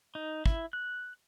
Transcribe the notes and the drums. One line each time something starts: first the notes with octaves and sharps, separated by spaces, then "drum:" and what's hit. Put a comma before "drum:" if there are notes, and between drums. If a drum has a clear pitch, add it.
D#4
E4, drum: kick
F#6